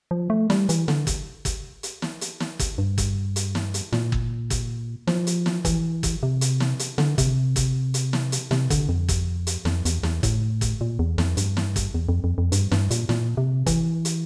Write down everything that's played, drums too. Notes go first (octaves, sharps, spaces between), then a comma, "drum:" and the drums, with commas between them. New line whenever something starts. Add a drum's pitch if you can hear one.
F3
A3
G3, drum: snare
E3, drum: hi-hat
D3, drum: snare
drum: kick, hi-hat
drum: kick, hi-hat
drum: hi-hat
drum: snare
drum: hi-hat
drum: snare
drum: kick, hi-hat
G2
drum: kick, hi-hat
drum: hi-hat
drum: snare
drum: hi-hat
A#2, drum: snare
drum: kick
drum: kick, hi-hat
F3, drum: snare
drum: hi-hat
drum: snare
E3, drum: kick, hi-hat
drum: kick, hi-hat
C3
drum: hi-hat
drum: snare
drum: hi-hat
D3, drum: snare
C3, drum: kick, hi-hat
drum: kick, hi-hat
drum: hi-hat
drum: snare
drum: hi-hat
C3, drum: snare
D3, drum: kick, hi-hat
F2
drum: kick, hi-hat
drum: hi-hat
F2, drum: snare
E2, drum: hi-hat
E2, drum: snare
A2, drum: kick, hi-hat
drum: kick, hi-hat
A#2
E2
F2, drum: snare
G2, drum: hi-hat
drum: snare
drum: kick, hi-hat
E2
F2
F2
F2
G2, drum: hi-hat
G2, drum: snare
A#2, drum: hi-hat
A#2, drum: snare
C3
E3, drum: kick, hi-hat
drum: hi-hat